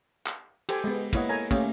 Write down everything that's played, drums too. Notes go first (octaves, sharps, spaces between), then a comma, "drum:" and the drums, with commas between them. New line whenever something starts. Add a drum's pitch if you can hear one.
drum: clap
G4 A4 C5 G5 G#5, drum: cymbal
G#3 B3
A#3 B3 E4 C#5 D#5 F#5, drum: kick, cymbal
A4 A#4 C#5 G#5 A#5
A3 A#3 C#4 G4 F5, drum: kick, cymbal